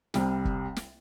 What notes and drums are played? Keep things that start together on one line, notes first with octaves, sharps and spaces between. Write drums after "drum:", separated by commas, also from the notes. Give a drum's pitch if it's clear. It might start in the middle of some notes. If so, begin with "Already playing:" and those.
C2 C3 G3, drum: snare
drum: kick
drum: snare